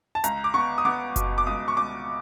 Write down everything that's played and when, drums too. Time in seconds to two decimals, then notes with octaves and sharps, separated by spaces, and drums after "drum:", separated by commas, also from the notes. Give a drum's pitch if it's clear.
0.15 A5
0.24 C#2 A#5, drum: hi-hat
0.44 D6
0.54 B3 C#6
0.78 D#6
0.85 B3 D6
1.16 B2, drum: kick F#1, hi-hat
1.38 D6
1.47 C#2 D#6
1.68 C#6
1.77 C#2 D6